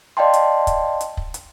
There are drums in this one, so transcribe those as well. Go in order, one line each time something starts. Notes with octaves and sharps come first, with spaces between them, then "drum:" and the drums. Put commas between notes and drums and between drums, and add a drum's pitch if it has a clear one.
D5 D#5 F5 G5 A5 C6
drum: hi-hat
drum: kick, hi-hat
drum: hi-hat
drum: kick
drum: hi-hat